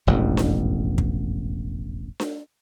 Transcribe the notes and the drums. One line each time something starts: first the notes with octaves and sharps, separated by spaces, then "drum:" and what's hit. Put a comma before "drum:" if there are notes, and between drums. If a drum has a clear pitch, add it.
E1 A1 F2 G#2
drum: snare D4
drum: kick
drum: snare D4